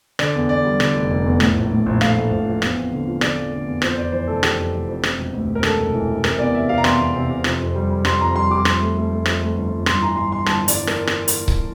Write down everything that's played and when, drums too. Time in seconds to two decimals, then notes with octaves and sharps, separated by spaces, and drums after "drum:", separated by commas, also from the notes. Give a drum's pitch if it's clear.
0.19 D3 D5, drum: rim click
0.35 E2
0.49 E2 D5
0.65 G3
0.80 D3, drum: rim click
0.95 F1
1.11 F1
1.26 E2
1.40 A2, drum: rim click
1.56 A#1
1.71 A2
1.86 A#1
2.01 A3 F5, drum: rim click
2.17 A3
2.31 A#1
2.46 F3
2.62 E2, drum: rim click
2.77 C4
2.91 D3
3.07 F3
3.21 D3 D5, drum: rim click
3.37 F3
3.52 D3
3.67 E2
3.82 F2 C5, drum: rim click
3.97 F2 D5
4.12 E3 C5
4.27 F1 A4
4.43 F1 G4, drum: rim click
4.58 F2
4.73 F1
4.87 F2
5.03 C3, drum: rim click
5.18 E1
5.34 D2
5.48 E1
5.55 A#4
5.63 E1 A4, drum: rim click
5.78 C3
5.94 E3
6.09 E3
6.24 C3 A#4, drum: rim click
6.38 E2 D5
6.54 C3 E5
6.69 C3 F5
6.78 A#5
6.84 E2 C6, drum: rim click
7.00 E2
7.15 C3
7.30 C3
7.44 F2, drum: rim click
7.60 F2
7.75 G3
7.90 G3
8.05 G3 C6, drum: rim click
8.21 F2 A#5
8.35 G3 C6
8.51 G3 D6
8.65 F2 C6, drum: rim click
8.80 A3
8.97 A3
9.11 A3
9.26 F2, drum: rim click
9.41 A3
9.56 G1
9.72 G1
9.86 G2 C6, drum: rim click
10.01 E3 A#5
10.16 G2 C6
10.32 G2 C6
10.46 G1 A5, drum: rim click
10.63 G2
10.68 D5, drum: hi-hat
10.78 E3
10.87 A#4, drum: rim click
11.07 drum: rim click
11.28 drum: hi-hat
11.48 drum: kick C#1